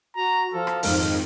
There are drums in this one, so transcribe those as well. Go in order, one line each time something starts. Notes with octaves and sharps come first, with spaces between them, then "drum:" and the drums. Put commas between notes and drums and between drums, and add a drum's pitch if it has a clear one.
F#4 A#5
F3 A4
drum: rim click
F2 G#2 D#3 F6, drum: open hi-hat